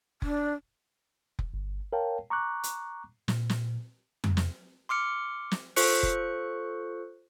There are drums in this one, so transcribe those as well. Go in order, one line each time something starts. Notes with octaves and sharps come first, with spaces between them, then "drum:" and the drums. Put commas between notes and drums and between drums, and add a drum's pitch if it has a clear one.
D4, drum: kick F1
drum: kick F1
G1
A#4 C#5 F5 G5 A5
A#5 C#6 D6 F#6
drum: hi-hat
A#2, drum: snare
drum: snare
drum: tom F2
drum: snare
C6 D6 F6 C#7
drum: snare
F4 A4 C5 C#6 F#6 C#7, drum: open hi-hat
drum: kick F1